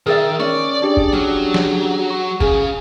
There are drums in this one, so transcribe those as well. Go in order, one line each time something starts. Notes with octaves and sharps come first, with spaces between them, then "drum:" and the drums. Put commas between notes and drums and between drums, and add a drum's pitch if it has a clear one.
D#3 G#4 A#4 D5 E5 E6
C#4 D5 C#6
D4 G4 G#4
drum: kick
F#3 C#4
drum: snare
C#6
C#3 G#4, drum: kick